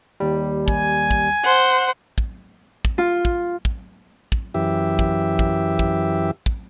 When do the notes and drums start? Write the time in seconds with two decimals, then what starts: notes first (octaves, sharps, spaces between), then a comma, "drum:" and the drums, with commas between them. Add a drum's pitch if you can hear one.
0.20 D#2 G3
0.68 G#5, drum: kick
1.11 drum: kick
1.44 C5 F#5
2.18 drum: kick
2.85 drum: kick
2.98 F4
3.25 drum: kick
3.65 drum: kick
4.32 drum: kick
4.54 F#2 E3 G4 E5
4.99 drum: kick
5.39 drum: kick
5.79 drum: kick
6.46 drum: kick